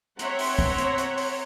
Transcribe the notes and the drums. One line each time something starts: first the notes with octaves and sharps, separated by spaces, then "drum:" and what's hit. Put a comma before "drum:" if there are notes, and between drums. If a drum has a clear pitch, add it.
C4 C#5 E5 F#5 A#5 C6, drum: hi-hat
drum: open hi-hat
drum: kick
drum: hi-hat
drum: hi-hat
drum: open hi-hat